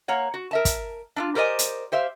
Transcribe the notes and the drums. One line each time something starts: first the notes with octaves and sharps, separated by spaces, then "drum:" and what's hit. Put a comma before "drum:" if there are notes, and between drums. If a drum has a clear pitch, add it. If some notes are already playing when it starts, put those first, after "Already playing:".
A#3 C#5 F#5
F#4
A#4 E5 A5
drum: kick, hi-hat
D4 E4 F4
G4 A#4 C5 D5 D#5 G#5
drum: hi-hat
G4 C5 E5 F5